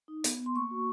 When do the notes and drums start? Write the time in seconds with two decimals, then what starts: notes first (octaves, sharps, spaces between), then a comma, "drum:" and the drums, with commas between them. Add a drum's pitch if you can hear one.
0.08 D#4
0.24 B3, drum: hi-hat
0.40 B3
0.46 C6
0.54 A#3 C#6
0.71 F#4